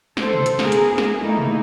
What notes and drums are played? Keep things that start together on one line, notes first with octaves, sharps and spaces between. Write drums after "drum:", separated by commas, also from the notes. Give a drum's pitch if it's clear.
A4 C5, drum: snare
drum: tom
drum: hi-hat
B3 G#4 A#4, drum: snare
drum: hi-hat
drum: snare
A3 A#3 D#4 E4
drum: tom